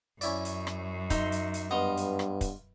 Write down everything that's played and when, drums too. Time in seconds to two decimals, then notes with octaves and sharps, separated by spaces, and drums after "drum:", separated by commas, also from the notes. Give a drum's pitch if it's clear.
0.21 F#2 C#4 E4 D5, drum: hi-hat
0.45 drum: hi-hat
0.67 drum: rim click
1.10 D#4 E5 C6, drum: kick, hi-hat
1.32 drum: hi-hat
1.54 drum: hi-hat
1.71 G2 B3 D#5 F5 C6
1.97 drum: hi-hat
2.19 drum: rim click
2.41 drum: kick, hi-hat